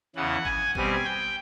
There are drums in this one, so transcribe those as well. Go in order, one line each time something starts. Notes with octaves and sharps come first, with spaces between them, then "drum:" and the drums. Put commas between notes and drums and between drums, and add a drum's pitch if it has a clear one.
E2 C#3 E3 F#5
G#5, drum: kick G#1
B2 G3 C4 G#5, drum: kick G#1
G5